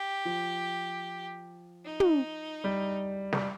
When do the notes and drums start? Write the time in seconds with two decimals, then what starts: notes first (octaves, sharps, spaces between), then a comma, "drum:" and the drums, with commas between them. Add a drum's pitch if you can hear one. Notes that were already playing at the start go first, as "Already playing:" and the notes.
Already playing: G4
0.25 F3
1.85 D#4
2.00 drum: tom
2.64 G3
3.33 G3, drum: snare